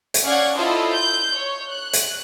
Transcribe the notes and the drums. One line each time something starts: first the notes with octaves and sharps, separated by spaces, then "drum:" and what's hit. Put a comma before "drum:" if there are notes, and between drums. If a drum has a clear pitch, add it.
drum: hi-hat
C#4 D5 F5 F#5 G#6
E4 F4 A4 C5 D#5
G6
C#5
F#6
drum: hi-hat